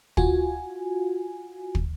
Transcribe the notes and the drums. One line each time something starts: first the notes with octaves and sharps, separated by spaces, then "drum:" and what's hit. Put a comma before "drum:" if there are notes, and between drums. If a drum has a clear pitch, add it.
F4 F#4 G#5, drum: kick
drum: kick